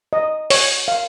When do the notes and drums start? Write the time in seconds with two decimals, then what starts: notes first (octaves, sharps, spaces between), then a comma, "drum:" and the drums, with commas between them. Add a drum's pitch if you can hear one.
0.13 D#5
0.50 C#5, drum: open hi-hat
0.88 F5